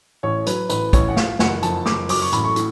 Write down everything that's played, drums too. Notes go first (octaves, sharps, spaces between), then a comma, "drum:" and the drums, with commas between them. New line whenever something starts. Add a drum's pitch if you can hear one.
A1 C#5
F#3 B4, drum: hi-hat
A1 B4, drum: hi-hat
A1 C#5, drum: kick, hi-hat
F#5
F3 F5, drum: snare
F#1 F#5, drum: snare
F2 A5, drum: hi-hat
F#1 D6, drum: snare
F#3 D6, drum: open hi-hat
C#6
A1 B5, drum: hi-hat
C#6
A2, drum: hi-hat